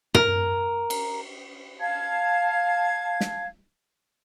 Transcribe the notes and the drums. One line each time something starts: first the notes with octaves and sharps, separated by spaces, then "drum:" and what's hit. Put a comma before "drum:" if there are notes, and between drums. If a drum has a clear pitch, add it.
A#4, drum: tom
drum: cymbal
F5 A5 G#6
drum: snare